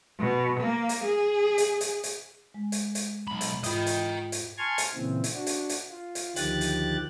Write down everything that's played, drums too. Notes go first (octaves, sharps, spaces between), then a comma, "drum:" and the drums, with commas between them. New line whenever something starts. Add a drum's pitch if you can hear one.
B2
A#3
drum: hi-hat
G#4
drum: hi-hat
drum: hi-hat
drum: hi-hat
G#3
drum: hi-hat
drum: hi-hat
B1 B5
drum: hi-hat
G#2 F4 D#5 G5 B5, drum: hi-hat
drum: hi-hat
drum: hi-hat
G#5 A5 C6 C#6 F6 G#6
drum: hi-hat
A#2 C#3 E3 C4
drum: hi-hat
D4 F#4
drum: hi-hat
drum: hi-hat
F4
drum: hi-hat
D2 D#3 F3 G4 F#6 A6, drum: hi-hat
drum: hi-hat